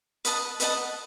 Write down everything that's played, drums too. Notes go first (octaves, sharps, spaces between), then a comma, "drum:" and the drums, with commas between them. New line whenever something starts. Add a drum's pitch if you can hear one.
B4 D#5 F#5 A5, drum: hi-hat
B4 D#5 F#5 A5, drum: hi-hat